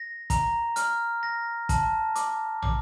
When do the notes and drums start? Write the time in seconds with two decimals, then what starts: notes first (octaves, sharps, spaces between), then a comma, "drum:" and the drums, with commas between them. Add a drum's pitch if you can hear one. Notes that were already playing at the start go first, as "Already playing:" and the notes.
Already playing: A#6
0.30 A#5, drum: kick, hi-hat
0.76 F6, drum: hi-hat
1.23 A#6
1.69 A5, drum: kick, hi-hat
2.16 D6, drum: hi-hat
2.62 D6, drum: tom